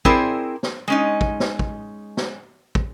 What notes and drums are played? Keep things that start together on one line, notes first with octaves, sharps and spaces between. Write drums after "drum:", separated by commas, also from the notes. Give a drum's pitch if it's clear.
C4 E4 G#4 A#4 C5 D5, drum: kick
drum: snare
G#3 C#4 D#4
drum: kick
drum: snare
drum: kick
drum: snare
drum: kick